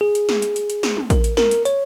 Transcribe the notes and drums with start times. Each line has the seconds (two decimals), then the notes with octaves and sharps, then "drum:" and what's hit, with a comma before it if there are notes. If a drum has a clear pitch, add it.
0.01 G#4
0.15 drum: hi-hat
0.29 drum: snare
0.42 drum: hi-hat
0.56 drum: hi-hat
0.70 drum: hi-hat
0.83 drum: snare
0.97 drum: tom
1.10 A#4, drum: kick, hi-hat
1.24 drum: hi-hat
1.37 A#4, drum: snare
1.51 drum: hi-hat
1.65 C#5, drum: hi-hat